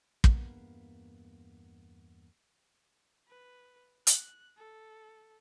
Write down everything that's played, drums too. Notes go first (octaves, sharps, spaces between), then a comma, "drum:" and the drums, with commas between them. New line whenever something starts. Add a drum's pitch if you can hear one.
E2 G2 A#3 B3, drum: kick
B4
F#6, drum: hi-hat
A4